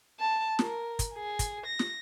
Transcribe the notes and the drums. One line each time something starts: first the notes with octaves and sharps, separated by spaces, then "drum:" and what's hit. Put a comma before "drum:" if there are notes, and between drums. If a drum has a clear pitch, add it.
A5
A#4, drum: snare
drum: kick, hi-hat
G#4
drum: kick, hi-hat
A#6
drum: snare